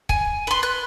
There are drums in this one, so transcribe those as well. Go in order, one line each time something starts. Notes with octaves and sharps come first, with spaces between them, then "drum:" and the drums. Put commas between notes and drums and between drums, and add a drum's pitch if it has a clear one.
G#5, drum: kick
B4 C6
B4 F#6